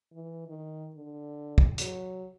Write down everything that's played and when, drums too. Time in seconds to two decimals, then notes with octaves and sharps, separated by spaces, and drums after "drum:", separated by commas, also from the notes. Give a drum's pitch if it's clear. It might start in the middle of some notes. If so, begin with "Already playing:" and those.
0.12 E3
0.48 D#3
0.96 D3
1.58 drum: kick
1.78 F#3, drum: hi-hat